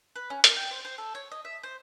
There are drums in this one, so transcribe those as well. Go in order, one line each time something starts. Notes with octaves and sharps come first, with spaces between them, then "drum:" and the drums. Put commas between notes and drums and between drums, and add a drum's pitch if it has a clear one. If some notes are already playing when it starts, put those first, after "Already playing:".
B4
C#4
A#4, drum: hi-hat
G5
C5
C5
A4
C#5
D#5
E5
C5